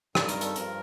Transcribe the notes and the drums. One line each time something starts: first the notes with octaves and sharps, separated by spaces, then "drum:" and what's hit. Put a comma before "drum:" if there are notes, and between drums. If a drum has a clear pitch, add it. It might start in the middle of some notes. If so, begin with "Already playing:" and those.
G2 D#3 G3 A4, drum: rim click
A#4, drum: hi-hat
A4, drum: hi-hat
G2 F3 A#4, drum: hi-hat